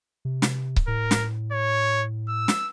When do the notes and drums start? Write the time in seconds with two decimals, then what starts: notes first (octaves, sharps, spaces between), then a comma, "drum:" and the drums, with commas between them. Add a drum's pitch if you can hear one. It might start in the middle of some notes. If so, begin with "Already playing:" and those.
0.25 C3
0.42 drum: snare
0.76 drum: kick C#1
0.88 A2 A#4
1.11 drum: snare
1.52 C#5
2.28 E6
2.48 drum: snare